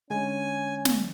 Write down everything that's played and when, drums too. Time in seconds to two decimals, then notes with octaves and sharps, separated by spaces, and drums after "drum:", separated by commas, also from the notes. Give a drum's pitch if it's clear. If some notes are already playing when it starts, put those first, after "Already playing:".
0.10 D3 G#3 C#4 G#5
0.85 drum: snare